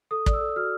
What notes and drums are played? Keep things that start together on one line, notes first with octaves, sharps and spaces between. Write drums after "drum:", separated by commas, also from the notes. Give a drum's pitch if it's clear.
A4 D#6
D5, drum: kick
E6
A4
F#4 F6